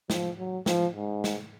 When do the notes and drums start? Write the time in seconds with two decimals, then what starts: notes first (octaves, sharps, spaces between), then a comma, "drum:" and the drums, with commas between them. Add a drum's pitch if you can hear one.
0.10 F3, drum: snare
0.38 F#3
0.66 F3, drum: snare
0.95 G#2
1.24 drum: snare